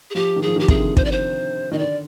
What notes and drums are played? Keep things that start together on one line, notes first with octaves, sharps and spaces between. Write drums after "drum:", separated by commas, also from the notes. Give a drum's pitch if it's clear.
G#4
F3 G4
D#3
F3 G#4
D#3 G4
C3 G#4, drum: kick
D3
C5, drum: kick
D5
C5
D#3 D#5
D3 D5